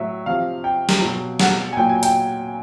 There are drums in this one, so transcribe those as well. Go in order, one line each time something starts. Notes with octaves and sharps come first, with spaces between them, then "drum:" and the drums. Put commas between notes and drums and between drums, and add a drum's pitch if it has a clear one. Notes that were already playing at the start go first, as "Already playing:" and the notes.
Already playing: A2 F#3 E5
C3 F3 F5
G5
drum: snare
B2 F#3
F#5, drum: snare
G#5
A#2 F#3 G5
G#5
G5, drum: hi-hat